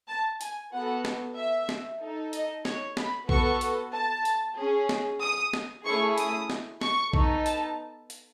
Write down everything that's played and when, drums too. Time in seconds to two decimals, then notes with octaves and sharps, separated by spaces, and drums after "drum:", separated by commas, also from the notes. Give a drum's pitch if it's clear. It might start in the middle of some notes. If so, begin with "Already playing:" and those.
0.09 A5
0.41 G#5, drum: hi-hat
0.73 B3 F#4 A4 F#5
1.05 drum: snare
1.37 E5
1.69 drum: snare
2.01 D#4 A4
2.33 D#5, drum: hi-hat
2.65 C#5, drum: snare
2.97 B5, drum: snare
3.29 B3 F#4 A4 C#6, drum: kick A#1
3.61 drum: hi-hat
3.93 A5
4.25 drum: hi-hat
4.58 C#4 G#4
4.89 drum: snare
5.21 D#6
5.53 drum: snare
5.85 A3 C#4 E4 G#4 C#6
6.18 D#6, drum: hi-hat
6.50 drum: snare
6.81 C#6, drum: snare
7.13 B3 D#4 A4, drum: kick A#1
7.46 A5, drum: hi-hat
8.10 drum: hi-hat